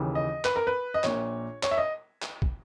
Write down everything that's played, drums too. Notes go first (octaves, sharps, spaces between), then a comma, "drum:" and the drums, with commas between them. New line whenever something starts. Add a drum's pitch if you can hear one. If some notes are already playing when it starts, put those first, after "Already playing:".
Already playing: D#2 C#3 E3
D#5
B4, drum: clap
A#4
B4
D#5
A#1 A#2 C#5, drum: clap
C#5, drum: clap
E5
D#5
drum: clap
drum: kick